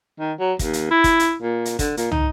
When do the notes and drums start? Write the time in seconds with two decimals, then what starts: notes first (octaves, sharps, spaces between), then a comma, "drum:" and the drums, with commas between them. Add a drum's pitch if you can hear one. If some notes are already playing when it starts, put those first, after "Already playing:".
0.20 D#3
0.39 F#3
0.59 D#2, drum: kick, hi-hat
0.73 drum: hi-hat
0.91 E4
1.04 drum: kick, hi-hat
1.19 drum: hi-hat
1.42 A#2
1.65 drum: hi-hat
1.79 D3, drum: kick, hi-hat
1.97 A#2, drum: hi-hat
2.11 D#4, drum: tom